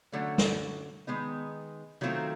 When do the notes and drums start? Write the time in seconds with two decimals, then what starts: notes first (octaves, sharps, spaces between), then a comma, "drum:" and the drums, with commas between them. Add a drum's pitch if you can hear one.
0.12 D3 F#3 A3 C#4
0.38 drum: snare
1.07 D#3 G#3 B3 D#4
2.01 D#3 F#3 A3 C4 F4